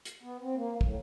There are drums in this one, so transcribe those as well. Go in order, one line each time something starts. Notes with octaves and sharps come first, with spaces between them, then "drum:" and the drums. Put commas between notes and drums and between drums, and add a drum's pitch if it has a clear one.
drum: hi-hat
B3
C4
A#3
A2, drum: kick